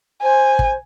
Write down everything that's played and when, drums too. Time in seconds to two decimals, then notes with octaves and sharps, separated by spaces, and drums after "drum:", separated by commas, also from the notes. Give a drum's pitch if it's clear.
0.23 C5 G#5
0.59 drum: kick